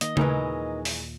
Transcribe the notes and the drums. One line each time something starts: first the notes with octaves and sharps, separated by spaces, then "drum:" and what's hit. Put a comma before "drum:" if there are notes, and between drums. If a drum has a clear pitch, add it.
D#3 A#3 D#5, drum: hi-hat
D#2 A#2 E3 F#3 G#3 D#4 A#4 B4, drum: tom C#3
drum: open hi-hat